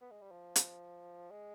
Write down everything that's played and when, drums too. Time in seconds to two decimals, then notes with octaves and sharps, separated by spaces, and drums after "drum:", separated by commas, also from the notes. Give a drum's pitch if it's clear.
0.01 B3
0.11 G#3
0.21 G3
0.31 F3
0.56 drum: hi-hat
1.31 G#3